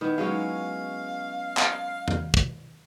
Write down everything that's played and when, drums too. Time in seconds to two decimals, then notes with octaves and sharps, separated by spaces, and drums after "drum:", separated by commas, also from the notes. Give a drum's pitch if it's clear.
0.01 D#3 B3 E4
0.18 F#3 G#3 C#4 F5
1.57 drum: clap
2.08 drum: tom E2
2.34 drum: kick